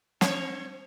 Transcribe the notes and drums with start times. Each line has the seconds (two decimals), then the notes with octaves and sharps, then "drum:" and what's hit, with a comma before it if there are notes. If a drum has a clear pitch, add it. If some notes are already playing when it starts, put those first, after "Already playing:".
0.21 C4 C#5, drum: snare